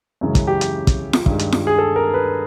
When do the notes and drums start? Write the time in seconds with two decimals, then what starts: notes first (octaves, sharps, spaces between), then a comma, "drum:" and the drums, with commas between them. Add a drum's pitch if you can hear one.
0.21 F#2 C#3 E3 G#3
0.35 drum: kick, hi-hat
0.47 G4
0.61 drum: hi-hat
0.87 drum: kick, hi-hat
1.13 drum: snare F4
1.26 G2 D#3 G#3, drum: kick
1.39 drum: hi-hat
1.52 drum: snare F4
1.67 G#4
1.79 A4
1.96 A#4
2.14 B4